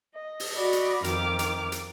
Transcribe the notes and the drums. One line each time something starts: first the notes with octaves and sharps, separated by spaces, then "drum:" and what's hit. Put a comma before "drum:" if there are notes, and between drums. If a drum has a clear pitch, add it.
D#5
drum: open hi-hat
F#4 D5 D#5 B5
drum: hi-hat
F2 D#3 D6 F6, drum: hi-hat
drum: hi-hat
drum: hi-hat